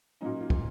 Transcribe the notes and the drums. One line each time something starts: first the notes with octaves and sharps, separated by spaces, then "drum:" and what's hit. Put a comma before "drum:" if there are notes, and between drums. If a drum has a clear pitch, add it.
A#2 F#3 C#4 D#4
F4
drum: kick